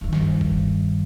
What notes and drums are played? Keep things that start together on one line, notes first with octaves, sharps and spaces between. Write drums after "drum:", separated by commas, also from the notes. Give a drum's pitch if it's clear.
G2 D#3
drum: snare
drum: kick F1